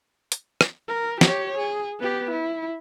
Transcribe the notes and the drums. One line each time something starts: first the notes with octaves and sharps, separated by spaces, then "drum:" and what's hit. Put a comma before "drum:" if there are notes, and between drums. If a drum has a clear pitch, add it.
drum: hi-hat
drum: rim click
A#4
G4 C#5, drum: snare
G#4
B3 G4
E4